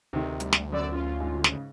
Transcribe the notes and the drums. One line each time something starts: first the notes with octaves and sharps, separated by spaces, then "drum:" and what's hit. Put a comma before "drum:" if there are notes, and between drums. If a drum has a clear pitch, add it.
D2 C3 D#3 D#4
G3, drum: hi-hat
drum: snare
F#2 B3 D5 E6
C#4 F4
G#2
C#3, drum: snare